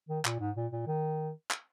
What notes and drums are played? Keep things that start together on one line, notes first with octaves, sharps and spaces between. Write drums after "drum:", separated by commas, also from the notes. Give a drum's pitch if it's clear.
D#3
A#2, drum: clap
G#2
A#2
A#2
D#3
drum: clap